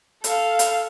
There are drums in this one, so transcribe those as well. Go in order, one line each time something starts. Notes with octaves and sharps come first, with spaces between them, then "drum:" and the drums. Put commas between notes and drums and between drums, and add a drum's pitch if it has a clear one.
A4 F5, drum: hi-hat
drum: hi-hat